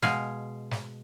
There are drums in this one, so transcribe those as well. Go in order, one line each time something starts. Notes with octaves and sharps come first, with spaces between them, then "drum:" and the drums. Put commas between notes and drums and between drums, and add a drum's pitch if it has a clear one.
B2 G#3 F5 G#5, drum: snare
drum: snare